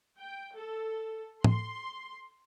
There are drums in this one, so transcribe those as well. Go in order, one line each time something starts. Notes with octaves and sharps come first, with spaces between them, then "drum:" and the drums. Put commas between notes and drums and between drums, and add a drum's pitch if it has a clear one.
G5
A4
C6, drum: tom